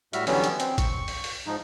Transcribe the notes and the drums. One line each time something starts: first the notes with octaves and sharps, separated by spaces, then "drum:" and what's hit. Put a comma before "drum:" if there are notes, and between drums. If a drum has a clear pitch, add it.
A2 G3 F#4 E5 F6, drum: hi-hat
D3 E3 F#3 G3 B3 C#4, drum: open hi-hat
drum: hi-hat
C4, drum: hi-hat
C#6, drum: kick, hi-hat
drum: open hi-hat
drum: open hi-hat
G#2 F3 D#4